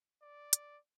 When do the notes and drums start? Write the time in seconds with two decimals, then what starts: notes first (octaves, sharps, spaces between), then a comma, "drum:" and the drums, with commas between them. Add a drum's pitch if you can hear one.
0.23 D5
0.53 drum: hi-hat